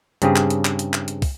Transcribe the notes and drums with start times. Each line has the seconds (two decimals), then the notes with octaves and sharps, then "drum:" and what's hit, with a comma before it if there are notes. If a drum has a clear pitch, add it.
0.22 G2 C#3 C4 G4 G#4, drum: hi-hat
0.36 drum: clap
0.50 drum: hi-hat
0.65 drum: clap
0.79 drum: hi-hat
0.93 drum: clap
1.08 drum: hi-hat
1.22 drum: kick, open hi-hat